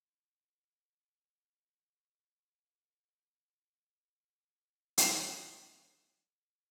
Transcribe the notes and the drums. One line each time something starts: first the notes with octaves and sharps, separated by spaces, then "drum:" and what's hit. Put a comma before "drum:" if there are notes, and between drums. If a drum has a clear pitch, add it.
G#3 D#4 E4
G5 G#5
F#2 D#3 G#3 C#4 D4
D#2 A3 C#5 E5
F2 A#3 C#4 G#4 A4 F5
F3 A#3 E4 F4 G4 F5
D#3
G5 G#5
D#4
drum: hi-hat
D3